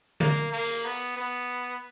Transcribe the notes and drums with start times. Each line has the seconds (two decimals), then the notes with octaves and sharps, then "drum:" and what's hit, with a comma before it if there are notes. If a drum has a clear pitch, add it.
0.20 A#3, drum: tom
0.52 A#3
0.64 drum: open hi-hat
0.85 B3
1.17 B3